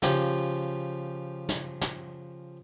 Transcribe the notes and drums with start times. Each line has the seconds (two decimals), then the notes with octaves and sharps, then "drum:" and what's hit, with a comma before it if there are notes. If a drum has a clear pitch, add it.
0.02 C#3 F3 G4, drum: snare
1.49 drum: snare
1.81 drum: snare